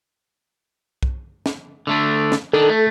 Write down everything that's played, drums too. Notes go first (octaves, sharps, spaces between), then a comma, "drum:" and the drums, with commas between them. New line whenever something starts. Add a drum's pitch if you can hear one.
drum: kick B1
drum: snare
D3 A3 D4
drum: snare
D#3 D4 A4
A3